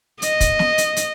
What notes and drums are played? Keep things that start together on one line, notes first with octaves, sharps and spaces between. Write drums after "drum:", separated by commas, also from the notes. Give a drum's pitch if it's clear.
D#5, drum: hi-hat
drum: kick, hi-hat
drum: snare
drum: hi-hat
drum: hi-hat